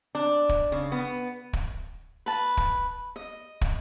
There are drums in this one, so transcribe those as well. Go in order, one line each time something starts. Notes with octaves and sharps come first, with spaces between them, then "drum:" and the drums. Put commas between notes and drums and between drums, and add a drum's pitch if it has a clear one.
D4
drum: kick
C#3
B3
drum: kick
B4 A5
drum: kick
D#5
drum: kick